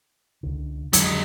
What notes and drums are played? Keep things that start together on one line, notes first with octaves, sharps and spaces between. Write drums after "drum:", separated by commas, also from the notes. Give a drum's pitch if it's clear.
C#2 D3
F2 D3 F#3 G#3, drum: hi-hat